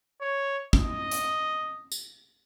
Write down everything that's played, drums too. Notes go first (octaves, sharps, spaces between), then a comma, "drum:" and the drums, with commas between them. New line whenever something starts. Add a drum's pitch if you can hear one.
C#5
D#5, drum: kick
drum: hi-hat
drum: tambourine